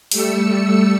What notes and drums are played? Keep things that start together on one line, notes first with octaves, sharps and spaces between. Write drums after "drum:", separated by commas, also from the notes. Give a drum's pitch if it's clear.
G3 A3 E6 C#7, drum: open hi-hat